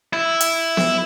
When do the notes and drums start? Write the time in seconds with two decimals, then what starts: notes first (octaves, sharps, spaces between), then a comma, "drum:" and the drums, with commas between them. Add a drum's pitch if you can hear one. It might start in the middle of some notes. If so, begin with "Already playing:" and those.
0.13 E4
0.40 drum: hi-hat
0.77 drum: snare B3